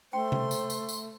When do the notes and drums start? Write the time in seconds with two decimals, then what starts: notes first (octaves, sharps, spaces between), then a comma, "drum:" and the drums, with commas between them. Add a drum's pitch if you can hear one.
0.13 A3 C5 G5 C6
0.32 drum: tom C3
0.51 drum: tambourine
0.70 drum: tambourine
0.89 drum: tambourine